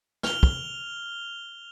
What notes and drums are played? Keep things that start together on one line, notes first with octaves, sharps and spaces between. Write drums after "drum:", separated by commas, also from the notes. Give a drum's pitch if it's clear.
F6 F7 G7, drum: snare
drum: kick